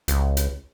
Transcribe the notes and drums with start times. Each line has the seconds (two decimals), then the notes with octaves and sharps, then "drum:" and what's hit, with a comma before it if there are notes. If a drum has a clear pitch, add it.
0.08 C#2, drum: hi-hat
0.37 drum: hi-hat